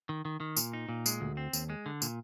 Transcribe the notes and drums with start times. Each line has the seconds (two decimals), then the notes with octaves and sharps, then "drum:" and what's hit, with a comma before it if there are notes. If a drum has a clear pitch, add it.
0.09 D#3
0.25 D#3
0.40 D#3
0.57 A#2, drum: tambourine
0.73 D#4
0.89 A#2
1.06 G#3, drum: tambourine
1.21 D2
1.37 C4
1.53 D#2, drum: tambourine
1.70 G#3
1.86 D3
2.02 A#2, drum: tambourine